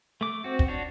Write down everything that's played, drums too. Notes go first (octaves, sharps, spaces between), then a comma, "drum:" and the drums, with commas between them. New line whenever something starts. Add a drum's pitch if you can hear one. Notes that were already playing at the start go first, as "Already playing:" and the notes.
A3 D6
C4 F#4
drum: kick
D4 F#4 C#5